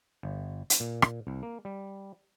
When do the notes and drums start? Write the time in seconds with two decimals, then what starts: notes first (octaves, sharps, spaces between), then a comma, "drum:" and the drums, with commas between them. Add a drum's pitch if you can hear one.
0.23 G1
0.70 drum: hi-hat
0.80 A#2
1.02 drum: rim click
1.27 C2
1.43 A#3
1.65 G3